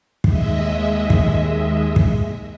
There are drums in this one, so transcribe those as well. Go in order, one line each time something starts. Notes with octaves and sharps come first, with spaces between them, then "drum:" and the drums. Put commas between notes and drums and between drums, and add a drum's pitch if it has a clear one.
D#2 G#3 D#5 E5, drum: kick
drum: kick
drum: kick